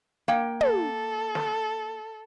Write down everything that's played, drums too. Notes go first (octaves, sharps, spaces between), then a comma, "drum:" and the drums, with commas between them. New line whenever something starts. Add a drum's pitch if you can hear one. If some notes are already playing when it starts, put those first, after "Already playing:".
A#3 G5
A4, drum: tom
drum: snare